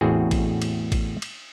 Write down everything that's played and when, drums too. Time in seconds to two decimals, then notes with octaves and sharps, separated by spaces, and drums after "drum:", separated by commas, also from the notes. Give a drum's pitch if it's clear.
0.01 A1 E2 A2 C4 F#4 G#4
0.31 drum: kick A1, cymbal
0.62 drum: cymbal
0.92 drum: kick A1, cymbal
1.22 drum: cymbal